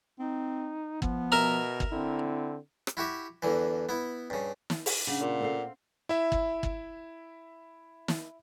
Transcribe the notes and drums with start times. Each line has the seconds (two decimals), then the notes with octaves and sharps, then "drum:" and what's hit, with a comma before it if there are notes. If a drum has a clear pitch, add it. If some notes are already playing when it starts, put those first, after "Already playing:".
0.20 C4 D#4
1.02 F3 B3, drum: kick
1.32 B2 A#4 E5 A#5
1.80 drum: kick
1.92 D3 C4 E4
2.87 drum: rim click
2.97 E4 F#4 G4 E5
3.42 E2 D3 E3
3.89 B3 E4
4.30 G2 C#3
4.70 drum: snare
4.86 drum: open hi-hat
5.07 C#3 D4 F#5
5.20 A#2 F#5
5.40 C4 A4 F5
6.09 E4 E5
6.32 drum: kick
6.63 drum: kick
8.08 drum: snare